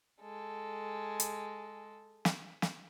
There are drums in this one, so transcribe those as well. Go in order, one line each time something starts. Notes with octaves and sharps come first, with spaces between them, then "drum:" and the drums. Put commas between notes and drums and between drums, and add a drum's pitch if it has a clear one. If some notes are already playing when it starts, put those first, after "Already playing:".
G#3 A4
drum: hi-hat
drum: snare
drum: snare